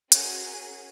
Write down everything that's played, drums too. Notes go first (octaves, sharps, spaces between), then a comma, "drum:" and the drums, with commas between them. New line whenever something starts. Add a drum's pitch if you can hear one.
C#4 F#4 G#4 A#4, drum: hi-hat